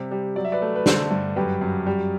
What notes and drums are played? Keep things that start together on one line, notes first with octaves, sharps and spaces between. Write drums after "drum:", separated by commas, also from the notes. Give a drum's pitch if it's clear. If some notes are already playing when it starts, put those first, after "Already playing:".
Already playing: C3 G3
G3
F#3 D5
E5
B4 D5
A3
B4
D3 A4 C5, drum: snare
G2
F#2 G4 B4
F#2
G3